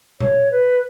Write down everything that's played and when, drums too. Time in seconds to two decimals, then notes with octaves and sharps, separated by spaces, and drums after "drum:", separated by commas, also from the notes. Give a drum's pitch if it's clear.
0.20 C#5, drum: tom A#2
0.51 B4